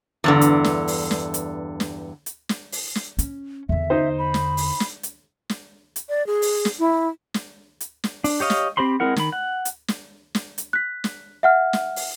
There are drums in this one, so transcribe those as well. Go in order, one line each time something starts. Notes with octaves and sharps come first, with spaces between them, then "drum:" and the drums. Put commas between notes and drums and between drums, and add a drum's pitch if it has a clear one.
E2 G2 D3
drum: hi-hat
drum: snare
drum: open hi-hat
drum: snare
drum: hi-hat
drum: snare
drum: hi-hat
drum: snare
drum: open hi-hat
drum: snare
C#4, drum: hi-hat
E2 D3 E5
D#4 C5
B5
drum: snare
drum: open hi-hat
drum: snare
drum: hi-hat
drum: snare
drum: hi-hat
D5
G#4
drum: open hi-hat
drum: snare
E4
drum: snare
drum: hi-hat
drum: snare
D4, drum: open hi-hat
G4 C#5 D#5 F5
drum: snare
C4 G4 C5 B5 C6
G#3 C4 E4 A#4 F#5
D#3 B5, drum: snare
F#5
drum: hi-hat
drum: snare
drum: snare
drum: hi-hat
F#6 B6
drum: snare
E5 F#5 F6
drum: snare
drum: open hi-hat